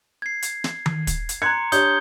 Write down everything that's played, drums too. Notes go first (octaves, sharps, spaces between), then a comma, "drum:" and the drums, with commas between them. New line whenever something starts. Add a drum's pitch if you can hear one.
G#6 C7
drum: hi-hat
drum: snare
drum: tom D#3
drum: kick, hi-hat
drum: hi-hat
A#5 C6 F#6 G#6 C#7
D4 G4 C#5 D#6 G6 G7, drum: hi-hat